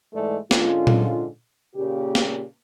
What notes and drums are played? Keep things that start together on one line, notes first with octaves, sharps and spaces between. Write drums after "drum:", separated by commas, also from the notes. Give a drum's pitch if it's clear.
G#2 E3 G#3 A3 A4 D5
G#2 D3 C#4 F4, drum: snare
drum: tom A#2
A#2 C#3 A#3 G4
drum: snare